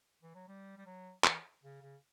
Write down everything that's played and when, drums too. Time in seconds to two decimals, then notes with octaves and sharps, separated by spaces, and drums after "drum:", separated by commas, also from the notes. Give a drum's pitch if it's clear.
0.22 E3
0.35 F#3
0.48 G3
0.77 G3
0.86 F#3
1.24 E3, drum: clap
1.63 C#3
1.82 C#3